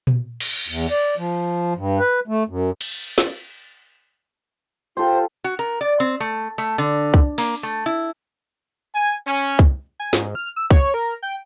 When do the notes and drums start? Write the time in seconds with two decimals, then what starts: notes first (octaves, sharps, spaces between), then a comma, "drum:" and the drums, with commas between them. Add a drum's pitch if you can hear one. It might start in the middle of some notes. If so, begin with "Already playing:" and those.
0.07 drum: tom A#2
0.40 drum: cymbal
0.68 E2
0.91 D5
1.17 F3
1.76 G2
1.99 B4
2.28 A3
2.49 F#2
2.81 drum: cymbal
3.18 drum: snare
4.97 F4 G4 A4 C5
5.44 F#4
5.59 A#4
5.81 D5
6.00 C4
6.20 A3
6.58 A3
6.78 D3
7.14 drum: kick C2
7.38 A#3, drum: open hi-hat
7.63 A3
7.86 E4
8.95 G#5
9.27 C#4
9.59 drum: kick C2
10.00 G#5
10.13 G#2, drum: snare
10.35 F6
10.56 E6
10.71 C#5, drum: kick C2
10.94 A#4
11.22 G5